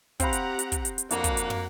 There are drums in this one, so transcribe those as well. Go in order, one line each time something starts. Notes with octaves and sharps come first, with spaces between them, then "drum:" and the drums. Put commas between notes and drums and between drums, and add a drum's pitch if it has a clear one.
C4 G4 F5 F#5 A#5 B5, drum: kick, hi-hat
drum: hi-hat
drum: hi-hat
drum: kick, hi-hat
drum: hi-hat
drum: hi-hat
F2 A#3 D4 F#4 F#5, drum: hi-hat
drum: kick, hi-hat
drum: hi-hat
drum: tom